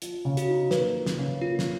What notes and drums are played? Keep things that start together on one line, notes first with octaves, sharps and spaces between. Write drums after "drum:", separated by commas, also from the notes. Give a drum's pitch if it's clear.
F3, drum: hi-hat
C#3
F#4, drum: hi-hat
D#4
A#3 B4, drum: snare
F3
drum: snare
C#3
A#3 F4
drum: snare